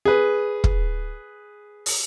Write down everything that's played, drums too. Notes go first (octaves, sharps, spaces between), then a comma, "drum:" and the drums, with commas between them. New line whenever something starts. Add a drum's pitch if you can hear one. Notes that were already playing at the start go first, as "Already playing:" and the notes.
G#4 B4
drum: kick
drum: open hi-hat